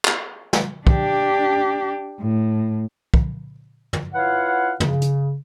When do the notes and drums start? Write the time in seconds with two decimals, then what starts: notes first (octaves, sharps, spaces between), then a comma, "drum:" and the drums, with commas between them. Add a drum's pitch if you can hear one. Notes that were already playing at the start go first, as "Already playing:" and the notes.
0.05 drum: clap
0.53 drum: snare
0.87 D4 G4, drum: kick
2.20 A2
3.14 drum: kick
3.93 drum: tom
4.14 E4 F4 B4 C#5 F5 F#5
4.80 C#3, drum: tom
5.02 drum: hi-hat